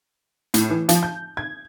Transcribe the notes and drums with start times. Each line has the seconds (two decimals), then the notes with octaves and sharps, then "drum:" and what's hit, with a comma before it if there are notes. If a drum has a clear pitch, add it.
0.54 A2, drum: hi-hat
0.70 E3
0.89 F3, drum: hi-hat
1.03 G6
1.37 G#6